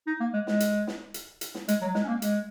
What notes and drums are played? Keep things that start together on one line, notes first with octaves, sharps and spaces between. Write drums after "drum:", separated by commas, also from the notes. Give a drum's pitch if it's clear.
D#4
A#3
G#3
G#3, drum: snare
drum: hi-hat
drum: snare
drum: hi-hat
drum: hi-hat
drum: snare
G#3, drum: hi-hat
F#3
G#3, drum: snare
C#4
A#3
G#3, drum: hi-hat